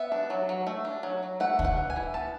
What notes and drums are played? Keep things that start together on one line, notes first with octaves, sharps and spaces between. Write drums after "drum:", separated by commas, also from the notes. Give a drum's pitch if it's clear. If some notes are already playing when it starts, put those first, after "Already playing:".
Already playing: B3 E5
D4
F#3
F#3
A3
D4
F#3
F#3
A3 F#5
D4, drum: kick
F#5
E3
G#5
E3
B3 A5